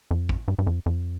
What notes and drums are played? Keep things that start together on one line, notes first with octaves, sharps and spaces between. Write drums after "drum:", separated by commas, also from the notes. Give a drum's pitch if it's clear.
F2
drum: kick
G2
G2
F2
F2